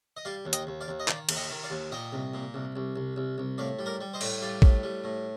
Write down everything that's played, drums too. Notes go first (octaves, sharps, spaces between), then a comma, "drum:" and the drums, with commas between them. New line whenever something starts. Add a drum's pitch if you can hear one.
D#5
G3 D5 F5
D#2
D#5 G5, drum: hi-hat
D#2
D5 F5
D#2
D#5
D#3 D5 F5, drum: clap
D#2, drum: cymbal
D#5 G5
D#3
D5 F5
D#2
A#2 D#5 G5
C2
A#2
C2
C2
C2
C2
C2
A2 D5 F5
G3
A#4 D5
G3
C5 D#5
A2, drum: cymbal
G3 D5 F5
A2, drum: kick
G3
A2